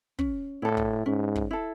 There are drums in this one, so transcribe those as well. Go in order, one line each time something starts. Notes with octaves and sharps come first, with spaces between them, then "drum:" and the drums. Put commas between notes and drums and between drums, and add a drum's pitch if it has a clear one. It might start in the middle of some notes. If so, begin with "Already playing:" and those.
C#4, drum: kick
A2 E4 A4
drum: kick
G#2 C#4
drum: kick
E4 A4